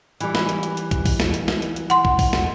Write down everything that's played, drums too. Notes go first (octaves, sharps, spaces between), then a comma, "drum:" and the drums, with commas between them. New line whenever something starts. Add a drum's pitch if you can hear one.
E3 G3, drum: hi-hat
drum: snare
drum: hi-hat
drum: hi-hat
drum: hi-hat
drum: kick, hi-hat
drum: kick, open hi-hat
drum: snare
drum: hi-hat
drum: snare
drum: hi-hat
drum: hi-hat
F#5 C6, drum: hi-hat
drum: kick
drum: kick, open hi-hat
drum: snare